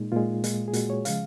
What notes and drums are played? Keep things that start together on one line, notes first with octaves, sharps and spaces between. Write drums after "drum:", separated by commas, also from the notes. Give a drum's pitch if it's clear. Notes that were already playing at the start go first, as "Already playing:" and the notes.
Already playing: A#2 G#3 D#4
A#2 G#3 F4
A#2 G#3, drum: hi-hat
G#4
A#2 G#3 F#4, drum: hi-hat
C#5
C#3 F3 G#3 F5, drum: hi-hat